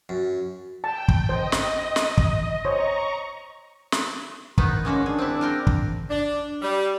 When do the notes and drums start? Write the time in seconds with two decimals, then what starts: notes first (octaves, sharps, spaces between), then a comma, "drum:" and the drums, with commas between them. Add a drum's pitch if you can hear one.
0.09 F#2
0.84 G5 A5
1.09 drum: kick
1.29 C5 D#5
1.52 drum: snare
1.96 drum: snare
2.18 drum: kick
2.65 C5 C#5 A#5 C#6
3.92 drum: snare
4.58 D#3 B3 D#4, drum: kick
4.85 G#3 A#3 C#4 F#4
5.06 D4 G#4
5.19 C4 E4
5.41 F4 A#4 G5
5.67 drum: kick
6.10 D4
6.62 G3